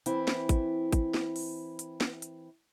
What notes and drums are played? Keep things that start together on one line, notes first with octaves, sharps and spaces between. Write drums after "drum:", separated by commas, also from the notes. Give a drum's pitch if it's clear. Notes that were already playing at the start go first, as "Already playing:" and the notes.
E3 C4 E4, drum: hi-hat
drum: snare
drum: kick, hi-hat
drum: kick, hi-hat
drum: snare
drum: open hi-hat
drum: hi-hat
drum: snare
drum: hi-hat